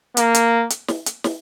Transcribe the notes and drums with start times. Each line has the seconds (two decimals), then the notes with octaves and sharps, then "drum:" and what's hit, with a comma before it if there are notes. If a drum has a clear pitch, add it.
0.17 A#3, drum: hi-hat
0.35 drum: hi-hat
0.70 drum: hi-hat
0.88 drum: snare
1.06 drum: hi-hat
1.24 drum: snare